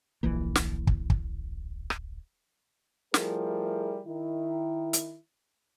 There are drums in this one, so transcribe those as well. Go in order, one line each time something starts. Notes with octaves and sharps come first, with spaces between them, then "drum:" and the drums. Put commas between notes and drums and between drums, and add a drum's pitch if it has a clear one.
D1 A#1 E3 A#3
drum: snare
drum: kick
drum: kick
drum: rim click
F3 G3 A3 E4 G#4 A#4, drum: snare
D#3 E4
drum: hi-hat